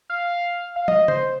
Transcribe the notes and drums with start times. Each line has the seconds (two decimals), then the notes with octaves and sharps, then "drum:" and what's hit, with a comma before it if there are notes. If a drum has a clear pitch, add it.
0.10 F5
0.76 F5
0.88 D#5, drum: tom
1.08 C5, drum: tom C#3